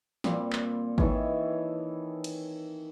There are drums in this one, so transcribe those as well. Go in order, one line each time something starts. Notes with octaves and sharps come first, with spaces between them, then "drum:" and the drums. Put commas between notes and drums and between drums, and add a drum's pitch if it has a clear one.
A#2 G3 C4, drum: snare
drum: clap
D#3 E3 A4 C#5, drum: kick G#1
drum: cymbal